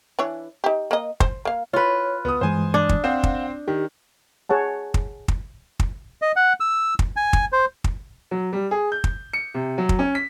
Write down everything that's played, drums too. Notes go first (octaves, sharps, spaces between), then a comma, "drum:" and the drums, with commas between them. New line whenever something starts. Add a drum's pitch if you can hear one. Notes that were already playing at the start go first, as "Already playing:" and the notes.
E3 D4 C#5
D#4 G4
A#3 D#5
C5, drum: kick
A#3 F5
F4 B4 C#5
C#2 B3 D#6
G2 E3 G#3 C5 G#5
D4
drum: kick
C4 C5 F5 F#5
drum: kick
D#3 G4
G#4 C#5 F#5 A5
drum: kick
drum: kick
drum: kick
D#5
F#5
E6
drum: kick
G#5
drum: kick
C5
drum: kick
F#3
G3
G#4
G6
drum: kick
C#7
C3
F#3
drum: kick
C#4
B6